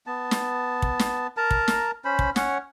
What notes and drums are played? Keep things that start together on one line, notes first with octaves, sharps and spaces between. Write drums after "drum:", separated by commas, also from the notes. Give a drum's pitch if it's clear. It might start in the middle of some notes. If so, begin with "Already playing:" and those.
B3 A5
drum: snare
drum: kick
drum: snare
A#4 A5 A#5
drum: kick
drum: snare
C#4 C5 B5
drum: kick
C#4 C#5 F#5, drum: snare